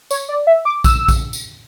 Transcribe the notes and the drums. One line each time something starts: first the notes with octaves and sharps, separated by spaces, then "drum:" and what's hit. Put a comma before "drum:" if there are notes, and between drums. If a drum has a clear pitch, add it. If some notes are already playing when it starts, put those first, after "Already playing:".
C#5, drum: tambourine
D5
E5
D6
E6, drum: kick A#1, tambourine
drum: kick A#1, tambourine
drum: tambourine